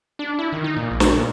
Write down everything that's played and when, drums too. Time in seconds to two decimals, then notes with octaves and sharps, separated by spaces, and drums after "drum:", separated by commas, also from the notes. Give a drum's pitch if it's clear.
0.19 D4
0.39 E4
0.53 D#3
0.64 D#4
0.77 A#2
0.91 A#1
1.00 drum: snare
1.11 A#2